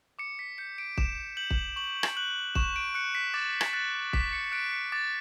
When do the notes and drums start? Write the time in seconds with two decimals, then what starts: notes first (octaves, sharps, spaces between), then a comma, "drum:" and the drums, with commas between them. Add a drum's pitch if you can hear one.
0.19 D6 C#7
0.39 B6
0.58 G6 C#7
0.78 D7
0.97 D6 E7, drum: kick
1.37 G6 F#7
1.50 drum: kick
1.76 C#6 F#7
2.03 drum: rim click
2.17 F#6 F#7
2.55 C#6 E7, drum: kick
2.76 D7
2.95 F#6 C#7
3.15 B6
3.34 D6 A6
3.61 drum: rim click
3.73 F#6 A6
4.13 D6 B6, drum: kick
4.33 C#7
4.44 C#7
4.52 F#6 D7
4.72 C#7
4.92 D6 A6